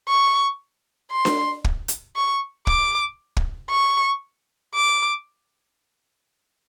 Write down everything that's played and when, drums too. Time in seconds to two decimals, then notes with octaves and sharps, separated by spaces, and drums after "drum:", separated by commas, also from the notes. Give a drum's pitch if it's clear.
0.08 C#6
1.11 C6
1.25 drum: snare D4
1.64 drum: kick
1.88 drum: hi-hat
2.16 C#6
2.67 D6, drum: kick
3.37 drum: kick
3.71 C#6
4.75 D6